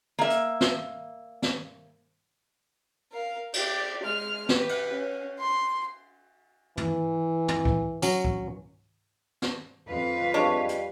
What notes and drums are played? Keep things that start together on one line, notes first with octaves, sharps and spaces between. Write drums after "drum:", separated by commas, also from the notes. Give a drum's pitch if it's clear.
A#3 E5
drum: hi-hat
drum: snare
drum: snare
A#4 F5
G4 D5, drum: cymbal
G#3 F6
G4 B4, drum: snare
drum: cymbal
C#4
C6
E3, drum: tom
drum: tom
drum: kick C#2
F#3 C#4, drum: tambourine
drum: kick C#2
drum: snare
F2 B4 F5
G3 G#3 D4 C#5
drum: hi-hat